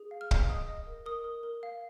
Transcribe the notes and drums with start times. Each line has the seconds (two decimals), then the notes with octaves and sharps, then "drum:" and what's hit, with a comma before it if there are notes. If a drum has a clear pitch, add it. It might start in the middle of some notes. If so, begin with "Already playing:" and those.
Already playing: G#4
0.11 F5
0.21 F6
0.31 F5, drum: kick
0.50 D#5 D#6
0.68 D#5
0.86 A#4
1.06 A#4 D#6
1.24 A#4
1.43 A#4
1.63 F5